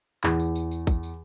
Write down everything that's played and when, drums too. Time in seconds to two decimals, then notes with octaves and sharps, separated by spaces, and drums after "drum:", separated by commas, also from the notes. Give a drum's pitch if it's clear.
0.24 E2, drum: clap
0.40 drum: tambourine
0.55 drum: tambourine
0.71 drum: tambourine
0.87 drum: kick, tambourine
1.03 drum: tambourine